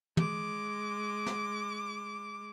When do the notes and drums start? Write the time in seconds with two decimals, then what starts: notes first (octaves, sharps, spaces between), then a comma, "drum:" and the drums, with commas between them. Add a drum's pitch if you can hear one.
0.17 G#3 D6, drum: tom
1.26 drum: snare